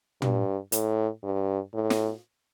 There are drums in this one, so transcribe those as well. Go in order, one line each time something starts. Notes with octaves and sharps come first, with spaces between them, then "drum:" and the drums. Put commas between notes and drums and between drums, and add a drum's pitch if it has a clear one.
G2, drum: tom
A2, drum: hi-hat
G2
A2
drum: snare